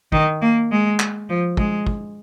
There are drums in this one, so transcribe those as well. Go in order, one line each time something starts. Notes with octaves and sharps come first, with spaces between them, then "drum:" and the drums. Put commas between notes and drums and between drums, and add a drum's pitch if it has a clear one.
D#3, drum: kick
A#3
G#3
drum: clap
F3
G#3, drum: kick
drum: kick